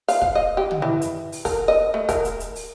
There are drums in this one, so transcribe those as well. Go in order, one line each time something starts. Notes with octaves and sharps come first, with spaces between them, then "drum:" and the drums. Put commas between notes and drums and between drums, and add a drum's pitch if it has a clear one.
F5, drum: open hi-hat
F5, drum: kick
D#5
G4
drum: tom
E3
drum: hi-hat
drum: open hi-hat
A#4, drum: kick, open hi-hat
D#5
A3
A#4, drum: kick, hi-hat
drum: hi-hat
drum: hi-hat
drum: open hi-hat